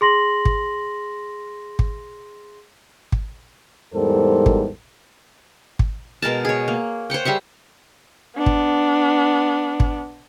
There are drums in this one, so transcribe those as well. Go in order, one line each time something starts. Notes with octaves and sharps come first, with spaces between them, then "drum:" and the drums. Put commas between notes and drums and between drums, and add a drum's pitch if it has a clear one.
G#4 C6 A#6 F#7
drum: kick
drum: kick
drum: kick
E2 G#2 G3 A4 A#4 C5
drum: kick
drum: kick
B2 G#3 A#4 A5
G#4 C#5
A#3
C5 C#5 F#5 G5
G3 G#4 E5 F#5
B3 D4
drum: kick
drum: kick